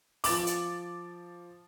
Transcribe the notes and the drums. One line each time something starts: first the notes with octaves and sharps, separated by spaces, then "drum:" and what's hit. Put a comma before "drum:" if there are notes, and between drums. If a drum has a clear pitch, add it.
F3 D6 A6 F#7, drum: open hi-hat
drum: hi-hat